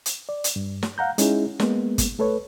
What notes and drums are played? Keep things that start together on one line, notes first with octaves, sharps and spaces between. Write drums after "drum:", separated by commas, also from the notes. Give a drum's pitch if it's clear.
drum: hi-hat
D5
drum: hi-hat
G2
drum: snare
F5 F#5 A#5 G6
G#3 C#4 D#4 E4 G#4, drum: hi-hat
G#3 A#3 B3, drum: snare
drum: kick, hi-hat
A3 A4 B4 C#5